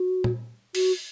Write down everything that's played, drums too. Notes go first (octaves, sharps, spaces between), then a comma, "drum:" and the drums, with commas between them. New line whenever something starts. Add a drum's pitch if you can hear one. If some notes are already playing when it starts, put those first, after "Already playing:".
Already playing: F#4
drum: tom A#2
F#4, drum: open hi-hat